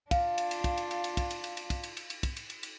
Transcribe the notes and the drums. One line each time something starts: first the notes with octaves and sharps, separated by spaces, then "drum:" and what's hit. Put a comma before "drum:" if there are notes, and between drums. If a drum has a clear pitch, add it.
D4 F4 F5, drum: kick, cymbal
drum: cymbal
drum: cymbal
drum: kick, cymbal
drum: cymbal
drum: cymbal
drum: cymbal
drum: kick, cymbal
drum: cymbal
drum: cymbal
drum: cymbal
drum: kick, cymbal
drum: cymbal
drum: cymbal
drum: cymbal
drum: kick, cymbal
drum: cymbal
drum: cymbal
drum: cymbal